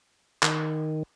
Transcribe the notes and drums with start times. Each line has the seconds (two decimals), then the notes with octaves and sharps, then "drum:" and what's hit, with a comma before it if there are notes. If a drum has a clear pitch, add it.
0.43 D#3, drum: clap